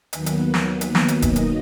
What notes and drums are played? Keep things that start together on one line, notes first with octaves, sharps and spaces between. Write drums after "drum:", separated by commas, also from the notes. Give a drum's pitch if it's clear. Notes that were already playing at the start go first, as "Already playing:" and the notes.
D#2 D#3 F#3 A#3 B3 B4, drum: hi-hat
drum: hi-hat
drum: snare
drum: hi-hat
drum: snare
drum: hi-hat
B2 F#3 A#3 D#4 D#5, drum: kick E1, hi-hat
drum: hi-hat